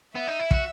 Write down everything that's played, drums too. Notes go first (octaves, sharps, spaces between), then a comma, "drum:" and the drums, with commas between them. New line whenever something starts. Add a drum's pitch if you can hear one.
B3 E5
D#4
E4
F#4, drum: kick